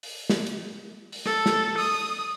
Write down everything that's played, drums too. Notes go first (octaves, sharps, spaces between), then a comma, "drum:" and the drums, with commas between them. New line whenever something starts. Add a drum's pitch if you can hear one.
drum: open hi-hat
drum: snare
drum: hi-hat
drum: open hi-hat
A4, drum: rim click
drum: snare
D#6, drum: open hi-hat